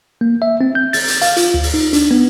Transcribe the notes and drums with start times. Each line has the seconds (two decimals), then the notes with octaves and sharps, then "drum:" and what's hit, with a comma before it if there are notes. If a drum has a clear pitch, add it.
0.21 A#3
0.42 E5
0.61 C4
0.75 G6
0.93 A6, drum: open hi-hat
1.08 drum: hi-hat
1.22 F5, drum: hi-hat
1.37 F4, drum: hi-hat
1.54 D2
1.63 drum: open hi-hat
1.74 D#4
1.93 D4, drum: hi-hat
2.11 B3